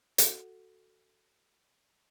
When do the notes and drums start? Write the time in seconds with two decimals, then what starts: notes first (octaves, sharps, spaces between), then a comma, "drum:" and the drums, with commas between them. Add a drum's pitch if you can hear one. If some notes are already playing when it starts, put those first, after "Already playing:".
0.18 F#4 A4 F#5, drum: hi-hat